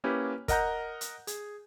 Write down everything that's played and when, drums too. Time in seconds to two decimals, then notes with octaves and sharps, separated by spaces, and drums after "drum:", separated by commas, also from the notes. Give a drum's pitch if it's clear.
0.04 A#3 C#4 E4 G4 B4
0.48 A#4 D#5 F#5 A#5 G6, drum: kick, hi-hat
1.01 drum: hi-hat
1.27 G#4, drum: hi-hat